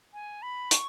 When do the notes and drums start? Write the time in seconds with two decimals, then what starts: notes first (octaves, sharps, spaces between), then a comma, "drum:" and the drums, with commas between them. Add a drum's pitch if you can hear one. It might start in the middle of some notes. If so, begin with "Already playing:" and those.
0.14 G#5
0.42 B5
0.71 C#6, drum: hi-hat